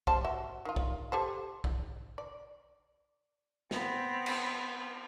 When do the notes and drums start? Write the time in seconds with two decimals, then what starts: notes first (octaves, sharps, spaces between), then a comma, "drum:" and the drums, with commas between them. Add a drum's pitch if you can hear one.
0.07 G3 C5 A5, drum: kick
0.24 F#4 E5
0.65 D#3 F4
0.76 drum: kick
1.12 G4 A4 C5
1.64 drum: kick
2.18 D5
3.71 B3 C4, drum: snare
4.26 drum: cymbal